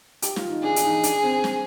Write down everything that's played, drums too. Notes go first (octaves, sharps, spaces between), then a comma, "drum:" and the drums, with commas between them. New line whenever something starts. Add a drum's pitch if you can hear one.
G4, drum: hi-hat
F4, drum: snare
D#4
D4 G#4
D4, drum: hi-hat
D#4
D4, drum: hi-hat
C4
drum: snare